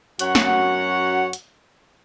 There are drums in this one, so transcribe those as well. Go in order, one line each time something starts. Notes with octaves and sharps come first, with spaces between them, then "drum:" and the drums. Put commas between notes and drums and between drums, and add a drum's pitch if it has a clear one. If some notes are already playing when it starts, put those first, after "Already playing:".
F#2 F#4 C#5 F#5, drum: hi-hat
drum: snare
drum: hi-hat